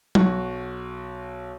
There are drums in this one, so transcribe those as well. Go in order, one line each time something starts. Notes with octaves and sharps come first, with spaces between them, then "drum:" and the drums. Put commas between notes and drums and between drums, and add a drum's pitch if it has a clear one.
B1 F#4, drum: tom F#3